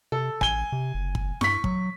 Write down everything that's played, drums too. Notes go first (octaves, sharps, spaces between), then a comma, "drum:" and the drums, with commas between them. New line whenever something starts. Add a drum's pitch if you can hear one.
C3 A4
A1 G#5 G7, drum: kick
C3
F#1
drum: kick
G2 C#6 B6, drum: snare E4
F#3, drum: kick